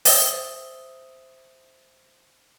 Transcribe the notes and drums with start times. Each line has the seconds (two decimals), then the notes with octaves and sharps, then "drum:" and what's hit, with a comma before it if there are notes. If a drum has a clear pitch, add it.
0.05 C5 E5 D#6 E6, drum: open hi-hat